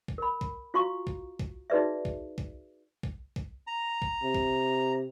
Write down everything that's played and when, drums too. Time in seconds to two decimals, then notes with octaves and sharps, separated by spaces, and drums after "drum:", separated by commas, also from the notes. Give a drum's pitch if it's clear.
0.08 drum: kick C2
0.18 A#4 B5
0.41 drum: kick C2
0.74 F4 F#4 F5 A#5 C#6
1.07 drum: kick C2
1.39 drum: kick C2
1.70 D#4 F#4 G#4 B4 D5 E5
2.05 drum: kick C2
2.38 drum: kick C2
3.03 drum: kick C2
3.36 drum: kick C2
3.67 A#5
4.02 drum: kick C2
4.23 C3
4.34 drum: kick C2